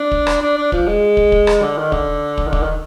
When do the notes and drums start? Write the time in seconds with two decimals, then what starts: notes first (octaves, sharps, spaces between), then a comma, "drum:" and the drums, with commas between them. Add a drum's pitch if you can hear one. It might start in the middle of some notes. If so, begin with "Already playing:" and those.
Already playing: D4
0.12 drum: kick
0.27 drum: rim click
0.42 D4
0.57 D4
0.72 F3, drum: kick
0.87 G#3
1.17 drum: kick
1.32 drum: kick
1.47 drum: rim click
1.62 D3
1.78 D#3
1.92 D3, drum: kick
2.38 drum: kick
2.47 D#3
2.53 D3, drum: kick
2.63 D#3